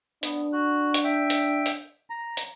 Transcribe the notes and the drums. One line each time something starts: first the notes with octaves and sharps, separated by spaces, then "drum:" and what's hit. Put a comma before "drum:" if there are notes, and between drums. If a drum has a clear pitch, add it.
B3 D4, drum: hi-hat
F#4 F#6
drum: hi-hat
E5 G5
drum: hi-hat
drum: hi-hat
A#5
drum: hi-hat